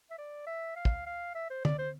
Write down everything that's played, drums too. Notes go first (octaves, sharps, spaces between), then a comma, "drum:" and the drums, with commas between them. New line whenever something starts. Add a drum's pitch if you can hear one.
E5
D5
E5
F5
drum: kick
F5
E5
C5
D5, drum: tom
C5